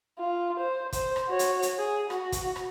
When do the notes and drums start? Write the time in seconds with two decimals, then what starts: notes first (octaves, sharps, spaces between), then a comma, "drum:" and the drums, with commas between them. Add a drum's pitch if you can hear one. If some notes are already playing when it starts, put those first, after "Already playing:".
0.19 F4
0.60 C5
0.92 C5, drum: kick, hi-hat
1.16 drum: rim click
1.29 F#4 C#5
1.39 drum: hi-hat
1.62 drum: hi-hat
1.79 G#4
2.10 F#4, drum: rim click
2.32 drum: kick, hi-hat
2.56 drum: rim click